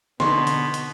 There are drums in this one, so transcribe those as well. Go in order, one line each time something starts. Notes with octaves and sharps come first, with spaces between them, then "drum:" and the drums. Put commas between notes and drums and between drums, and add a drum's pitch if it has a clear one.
B2 D3 D#4 C6 C#6, drum: snare
drum: hi-hat
drum: hi-hat